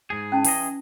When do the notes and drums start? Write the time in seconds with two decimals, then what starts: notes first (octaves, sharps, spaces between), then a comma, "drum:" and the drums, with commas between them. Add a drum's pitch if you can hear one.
0.10 G#2 G#4
0.32 C#4 E4 G5 A5
0.44 E3 G#4 D#5, drum: open hi-hat